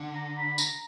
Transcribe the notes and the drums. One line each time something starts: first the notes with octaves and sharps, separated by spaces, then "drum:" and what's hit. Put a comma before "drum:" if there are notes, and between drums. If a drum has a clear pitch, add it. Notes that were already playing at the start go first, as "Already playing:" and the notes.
Already playing: D3
A#5
B5
A#5, drum: tambourine